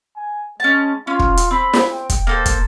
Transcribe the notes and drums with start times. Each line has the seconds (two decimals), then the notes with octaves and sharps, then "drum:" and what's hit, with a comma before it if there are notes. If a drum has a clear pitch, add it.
0.17 G#5
0.60 G#3 C#4 A5
1.07 C#4 F4
1.19 drum: kick
1.37 drum: hi-hat
1.51 C4 B5
1.73 drum: snare
1.91 G5
2.10 drum: kick, hi-hat
2.27 A#3 A4 C5
2.46 drum: kick, hi-hat